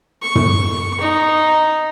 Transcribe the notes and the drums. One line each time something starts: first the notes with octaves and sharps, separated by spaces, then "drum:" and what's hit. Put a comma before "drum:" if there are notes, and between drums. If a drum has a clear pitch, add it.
C#6
drum: tom
D#4